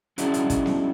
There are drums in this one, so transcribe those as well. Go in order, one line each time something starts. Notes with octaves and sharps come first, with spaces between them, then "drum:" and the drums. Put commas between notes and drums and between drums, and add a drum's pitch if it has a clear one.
F#3 C#4 D4 E4 F#4 G#4, drum: hi-hat
drum: hi-hat
drum: kick, hi-hat
drum: snare B3